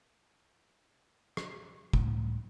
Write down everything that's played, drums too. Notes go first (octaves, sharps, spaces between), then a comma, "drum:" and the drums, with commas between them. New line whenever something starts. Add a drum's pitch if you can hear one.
drum: rim click
C#2 A2, drum: kick